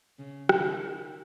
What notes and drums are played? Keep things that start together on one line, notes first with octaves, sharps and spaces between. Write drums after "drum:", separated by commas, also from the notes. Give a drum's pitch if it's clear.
C#3
drum: rim click
D#3